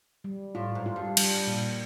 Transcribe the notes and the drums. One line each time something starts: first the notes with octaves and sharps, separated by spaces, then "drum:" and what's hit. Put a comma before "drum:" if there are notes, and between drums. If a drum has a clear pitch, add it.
G3
A2 F4
G#2
F4
G2
G3, drum: cymbal
A#2